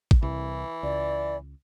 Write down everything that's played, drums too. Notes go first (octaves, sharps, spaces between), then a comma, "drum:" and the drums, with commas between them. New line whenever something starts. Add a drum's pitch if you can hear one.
drum: kick A1
C2 E3
C#2 D5